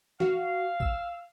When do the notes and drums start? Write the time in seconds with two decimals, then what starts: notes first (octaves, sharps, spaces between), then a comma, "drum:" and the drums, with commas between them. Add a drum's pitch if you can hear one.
0.20 F#4 F5, drum: tom
0.80 E6, drum: kick A1